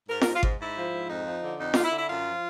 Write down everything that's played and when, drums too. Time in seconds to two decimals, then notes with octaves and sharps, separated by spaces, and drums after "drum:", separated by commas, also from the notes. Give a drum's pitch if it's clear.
0.09 G#2 A#4
0.21 A#4, drum: snare
0.26 G#2
0.34 F4
0.43 G#2, drum: kick G#1
0.59 G#2 E4
0.76 F3
0.92 G#2
1.08 F2 D#4
1.26 F3
1.42 D3
1.58 F2 D#4
1.74 D3 F4, drum: snare
1.83 E4
1.91 D3
1.98 E4
2.08 F#2 F4
2.25 F3